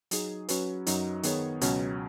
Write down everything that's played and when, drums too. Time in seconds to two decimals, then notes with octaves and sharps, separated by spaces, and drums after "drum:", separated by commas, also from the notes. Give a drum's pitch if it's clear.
0.11 F#3 D#4 G#4, drum: hi-hat
0.48 F#3 C#4 F#4 B4, drum: hi-hat
0.86 F#2 F#3 D#4, drum: hi-hat
1.23 D#3 B3 G#4 C#5, drum: hi-hat
1.61 C#2 B2 F#3 C#4, drum: hi-hat